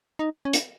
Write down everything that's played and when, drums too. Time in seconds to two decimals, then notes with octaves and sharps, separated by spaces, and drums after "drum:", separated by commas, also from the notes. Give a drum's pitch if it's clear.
0.19 D#4
0.45 C#4
0.53 D4, drum: hi-hat